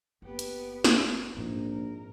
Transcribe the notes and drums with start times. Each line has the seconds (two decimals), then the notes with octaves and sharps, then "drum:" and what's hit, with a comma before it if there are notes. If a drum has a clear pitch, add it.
0.22 F#1 B3 G4 B4
0.39 drum: hi-hat
0.84 drum: snare
1.35 A#1 G#2 C4 D#4
1.68 A#4